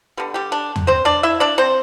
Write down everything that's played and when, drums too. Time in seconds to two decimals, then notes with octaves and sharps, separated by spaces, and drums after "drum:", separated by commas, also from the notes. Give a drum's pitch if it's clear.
0.17 D3 G3 B3
0.34 G3 G4
0.52 D4
0.76 drum: tom E2
0.87 C4 C5
1.05 D4 D5
1.23 E4 E5
1.40 D4 D5
1.58 C4 C5